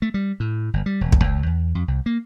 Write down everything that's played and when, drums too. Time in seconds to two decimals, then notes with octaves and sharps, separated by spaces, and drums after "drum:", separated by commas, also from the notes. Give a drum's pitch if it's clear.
0.02 A3
0.14 G3
0.40 A2
0.73 G1
0.86 G3
1.01 E1
1.12 drum: kick
1.24 C#2
1.46 E2
1.75 F2
1.88 C2
2.06 A#3